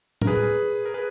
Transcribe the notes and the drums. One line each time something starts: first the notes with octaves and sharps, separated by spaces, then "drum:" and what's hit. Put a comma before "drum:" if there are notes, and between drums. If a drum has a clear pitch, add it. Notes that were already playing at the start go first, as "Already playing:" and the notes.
A#4, drum: tom
G#4 B4
A#4
G#4 B4